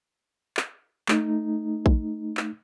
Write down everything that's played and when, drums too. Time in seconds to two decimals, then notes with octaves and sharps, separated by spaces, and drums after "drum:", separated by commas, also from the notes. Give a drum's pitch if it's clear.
0.57 drum: clap
1.08 A3 D#4, drum: clap
1.86 drum: kick A#1
2.37 drum: clap